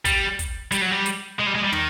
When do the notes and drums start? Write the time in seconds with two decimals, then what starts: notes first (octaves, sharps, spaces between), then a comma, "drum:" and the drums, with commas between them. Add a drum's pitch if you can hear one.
0.05 G3, drum: kick, hi-hat
0.39 drum: kick, hi-hat
0.72 G3, drum: hi-hat
0.81 F#3
0.91 G3
1.06 drum: hi-hat
1.39 G#3
1.47 G3
1.56 G#3
1.64 G3
1.72 D#3, drum: tom